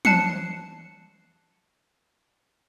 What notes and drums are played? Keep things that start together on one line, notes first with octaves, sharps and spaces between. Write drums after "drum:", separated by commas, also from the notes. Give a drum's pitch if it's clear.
A5 F#6 C7 C#7, drum: tom